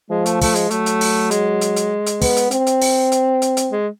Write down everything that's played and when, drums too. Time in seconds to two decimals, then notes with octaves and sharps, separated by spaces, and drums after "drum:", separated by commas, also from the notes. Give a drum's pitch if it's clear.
0.10 F3 G#3
0.26 A3, drum: hi-hat
0.42 A3, drum: kick, open hi-hat
0.55 G#3, drum: hi-hat
0.71 F#3 A3, drum: hi-hat
0.86 drum: hi-hat
1.01 drum: open hi-hat
1.31 G#3, drum: hi-hat
1.61 drum: hi-hat
1.76 drum: hi-hat
2.06 drum: hi-hat
2.22 B3, drum: kick, open hi-hat
2.36 drum: hi-hat
2.51 C4, drum: hi-hat
2.67 drum: hi-hat
2.82 drum: open hi-hat
3.12 drum: hi-hat
3.42 drum: hi-hat
3.57 drum: hi-hat
3.71 G#3